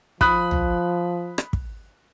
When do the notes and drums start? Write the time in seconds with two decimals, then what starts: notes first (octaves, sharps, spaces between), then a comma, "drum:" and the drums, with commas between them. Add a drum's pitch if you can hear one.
0.21 F3 B5 D#6 F#6, drum: kick
0.51 drum: tom
1.38 drum: rim click
1.53 drum: kick